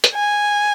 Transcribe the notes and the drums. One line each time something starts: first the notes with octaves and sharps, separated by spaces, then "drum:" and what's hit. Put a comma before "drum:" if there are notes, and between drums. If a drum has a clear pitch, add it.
drum: hi-hat
G#5